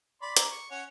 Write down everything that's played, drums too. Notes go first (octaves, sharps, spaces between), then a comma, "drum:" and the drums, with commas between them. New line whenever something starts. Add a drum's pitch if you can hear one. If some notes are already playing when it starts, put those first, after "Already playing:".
D5 B5 C6
A#5 D6, drum: hi-hat
C#6
C#4 C#5 F#5